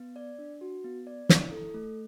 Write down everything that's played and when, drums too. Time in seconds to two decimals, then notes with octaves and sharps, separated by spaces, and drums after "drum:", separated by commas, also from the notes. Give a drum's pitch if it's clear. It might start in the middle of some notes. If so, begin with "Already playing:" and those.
Already playing: B3
0.16 D5
0.38 D4
0.61 F#4
0.84 B3
1.07 D5
1.29 E4, drum: snare
1.52 A4
1.74 A3